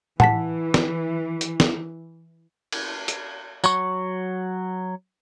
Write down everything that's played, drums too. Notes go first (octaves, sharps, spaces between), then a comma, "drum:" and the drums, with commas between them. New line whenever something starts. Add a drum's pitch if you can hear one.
E3 F#5 A5 B6, drum: tom A2
drum: snare
drum: hi-hat
drum: snare
drum: cymbal
drum: hi-hat
F#3 C#6, drum: tambourine